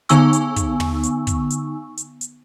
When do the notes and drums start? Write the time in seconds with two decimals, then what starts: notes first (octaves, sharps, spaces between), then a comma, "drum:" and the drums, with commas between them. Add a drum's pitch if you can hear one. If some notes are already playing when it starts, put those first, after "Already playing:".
0.09 D3 B3 D#4 G#5 C#6 E6, drum: hi-hat
0.33 drum: hi-hat
0.56 drum: kick, hi-hat
0.80 drum: tom
1.03 drum: hi-hat
1.27 drum: kick, hi-hat
1.50 drum: hi-hat
1.97 drum: hi-hat
2.21 drum: hi-hat